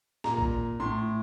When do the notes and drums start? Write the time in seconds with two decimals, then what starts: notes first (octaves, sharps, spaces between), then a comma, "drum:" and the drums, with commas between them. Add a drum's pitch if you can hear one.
0.24 A#2 A#5, drum: snare
0.38 drum: kick A1
0.80 A2 C6